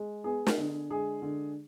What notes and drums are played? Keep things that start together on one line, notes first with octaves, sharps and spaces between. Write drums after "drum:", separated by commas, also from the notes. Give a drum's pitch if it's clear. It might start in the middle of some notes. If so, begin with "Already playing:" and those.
Already playing: G#3
B3 G#4
drum: snare
D3
G#3 G#4
D3